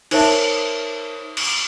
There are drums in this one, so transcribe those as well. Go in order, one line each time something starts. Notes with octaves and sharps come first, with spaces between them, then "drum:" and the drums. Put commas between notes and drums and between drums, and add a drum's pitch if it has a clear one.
D#4 A#4 C5 C#5 E5 A5, drum: cymbal
drum: cymbal